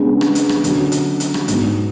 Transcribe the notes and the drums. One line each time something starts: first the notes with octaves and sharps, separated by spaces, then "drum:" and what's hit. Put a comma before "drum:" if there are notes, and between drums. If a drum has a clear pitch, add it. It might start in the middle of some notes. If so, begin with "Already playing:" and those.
Already playing: C#3 G#3 B3 D4
drum: rim click
drum: hi-hat
drum: rim click
D3 F#3 C#4 F#4, drum: hi-hat
drum: hi-hat
drum: hi-hat
drum: rim click
G#2 F#3 B3, drum: hi-hat